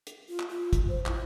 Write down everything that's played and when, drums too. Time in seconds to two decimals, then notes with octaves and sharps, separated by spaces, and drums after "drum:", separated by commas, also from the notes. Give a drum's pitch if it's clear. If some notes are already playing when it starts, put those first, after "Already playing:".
0.07 drum: hi-hat
0.29 F4
0.40 drum: clap
0.50 F4
0.73 drum: kick, hi-hat
0.89 C5
1.06 E4, drum: clap